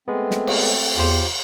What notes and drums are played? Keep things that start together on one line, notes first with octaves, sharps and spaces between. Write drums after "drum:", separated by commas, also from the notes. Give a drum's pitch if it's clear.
G#3 A3 B3 C4
drum: snare
drum: cymbal
E2 F4 G4 C5